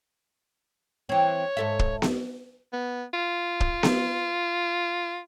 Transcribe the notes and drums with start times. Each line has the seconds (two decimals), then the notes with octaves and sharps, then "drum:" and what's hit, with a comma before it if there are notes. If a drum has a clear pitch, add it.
1.09 E3 C4 C#5
1.57 G#2 A4 E5
1.79 drum: kick
2.02 drum: snare B3
2.73 B3
3.13 F4
3.60 drum: kick
3.83 drum: snare B3